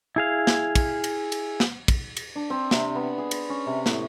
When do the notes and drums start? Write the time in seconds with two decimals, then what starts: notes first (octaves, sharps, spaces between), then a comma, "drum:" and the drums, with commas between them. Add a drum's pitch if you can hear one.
0.16 E4 G#4 F5
0.47 drum: snare
0.75 drum: kick, cymbal
1.04 drum: cymbal
1.32 drum: cymbal
1.60 drum: snare
1.88 drum: kick, cymbal
2.17 drum: cymbal
2.36 D4
2.50 C4
2.71 C3, drum: snare
2.95 B3
3.18 G#4
3.31 C5, drum: cymbal
3.50 C#4
3.66 C3
3.86 A2, drum: snare